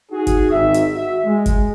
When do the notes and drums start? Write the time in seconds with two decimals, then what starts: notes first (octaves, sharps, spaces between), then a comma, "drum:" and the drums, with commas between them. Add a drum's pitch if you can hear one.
0.11 D#4 F#4 G#4
0.27 drum: kick, hi-hat
0.51 G#1 G#2 D#3 E5
0.74 drum: hi-hat
0.94 F#4 E5
1.26 G#3
1.46 drum: kick, hi-hat